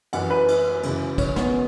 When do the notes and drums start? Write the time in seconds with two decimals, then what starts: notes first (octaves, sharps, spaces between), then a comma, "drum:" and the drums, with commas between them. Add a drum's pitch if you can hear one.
0.13 F#2 E3 F#5, drum: cymbal
0.30 B4
0.48 drum: cymbal
0.83 F#2 C#3 E3, drum: cymbal
1.18 C#4, drum: kick, cymbal
1.36 B3, drum: snare